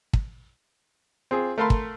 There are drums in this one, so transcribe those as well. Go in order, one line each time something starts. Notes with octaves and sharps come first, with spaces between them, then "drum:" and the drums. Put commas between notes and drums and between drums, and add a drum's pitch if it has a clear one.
drum: kick
C4 F4 G#4
A3 A#4 F5 A5 B5 C6
drum: kick